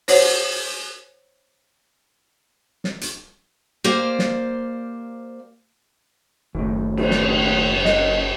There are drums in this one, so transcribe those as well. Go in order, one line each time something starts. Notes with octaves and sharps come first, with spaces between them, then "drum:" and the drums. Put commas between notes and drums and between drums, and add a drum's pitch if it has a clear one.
C5 C#5 F#5, drum: open hi-hat
drum: snare
drum: hi-hat
A#3 G4 C5 D5 F5
drum: snare
F#1 D#2 A2
drum: cymbal
drum: snare
A#4 D#5, drum: snare